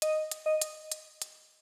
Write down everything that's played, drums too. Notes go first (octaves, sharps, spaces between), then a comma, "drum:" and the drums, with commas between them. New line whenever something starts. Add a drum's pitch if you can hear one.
D#5, drum: hi-hat
drum: hi-hat
D#5
drum: hi-hat
drum: hi-hat
drum: hi-hat